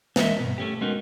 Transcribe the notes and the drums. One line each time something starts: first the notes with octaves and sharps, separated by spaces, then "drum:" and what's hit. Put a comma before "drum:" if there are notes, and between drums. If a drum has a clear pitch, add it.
E3 G#3 C#4 A#4 D#5 E5, drum: snare
G2 B2
A3 C#4 G4
G#3 B3 C#4 D#4 F#4 A#4